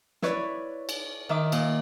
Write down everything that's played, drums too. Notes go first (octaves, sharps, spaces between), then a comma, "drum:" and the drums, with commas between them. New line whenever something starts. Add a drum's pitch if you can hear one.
E4 B4 C#5 D5, drum: snare
drum: cymbal
D#3 E5 D6
A#2, drum: cymbal